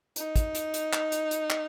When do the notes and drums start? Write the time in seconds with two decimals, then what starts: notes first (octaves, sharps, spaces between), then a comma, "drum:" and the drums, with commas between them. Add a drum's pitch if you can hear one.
0.16 D#4, drum: hi-hat
0.36 drum: kick, hi-hat
0.55 drum: hi-hat
0.74 drum: hi-hat
0.93 drum: clap
1.12 drum: hi-hat
1.31 drum: hi-hat
1.50 drum: clap